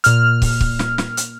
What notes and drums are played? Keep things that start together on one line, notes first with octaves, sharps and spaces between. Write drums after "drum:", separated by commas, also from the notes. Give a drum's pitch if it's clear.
A#2 F6, drum: hi-hat
drum: kick, open hi-hat
drum: kick
drum: snare
drum: snare
drum: hi-hat